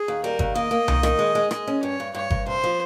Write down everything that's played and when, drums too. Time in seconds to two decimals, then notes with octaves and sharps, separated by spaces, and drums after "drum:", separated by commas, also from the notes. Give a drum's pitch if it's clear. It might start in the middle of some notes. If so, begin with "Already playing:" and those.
Already playing: G#4
0.08 D#2
0.24 G3 A#4
0.39 D#2, drum: kick G1
0.55 A#3 D#5
0.71 A#3
0.88 D#3, drum: tom C2
1.03 D#3, drum: rim click
1.19 G#3
1.35 G#3
1.51 G#3 D#5, drum: rim click
1.67 C#4
1.83 G2 C#5
2.00 G2
2.15 G2 C#5
2.30 G2, drum: kick G1
2.46 C3 C5
2.64 F3